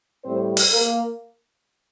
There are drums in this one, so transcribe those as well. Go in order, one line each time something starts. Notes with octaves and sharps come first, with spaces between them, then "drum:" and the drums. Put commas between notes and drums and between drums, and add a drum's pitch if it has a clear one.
A2 G3 C4 C5
drum: open hi-hat
A#3 A#4